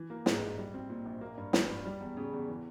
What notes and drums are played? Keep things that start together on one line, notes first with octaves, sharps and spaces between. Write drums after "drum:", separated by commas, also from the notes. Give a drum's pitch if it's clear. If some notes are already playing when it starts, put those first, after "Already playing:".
Already playing: E3
A#3
G#2, drum: snare
A#1
G3
C4
A#2
A#1
A#3
G2
F3, drum: snare
G2
G3
E2
C#3
E2
E3